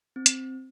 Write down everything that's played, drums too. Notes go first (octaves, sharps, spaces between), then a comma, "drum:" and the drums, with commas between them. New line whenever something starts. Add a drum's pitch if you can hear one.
C4
drum: hi-hat